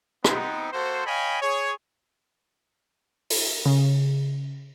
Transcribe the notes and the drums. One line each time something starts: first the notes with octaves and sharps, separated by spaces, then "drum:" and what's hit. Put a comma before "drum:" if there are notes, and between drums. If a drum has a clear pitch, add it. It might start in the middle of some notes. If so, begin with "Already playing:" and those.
B3 C4 D#4, drum: rim click
A#3 F#4 A4 C5
C#5 D#5 F5 G5 G#5 B5
G#4 C#5
drum: open hi-hat
C#3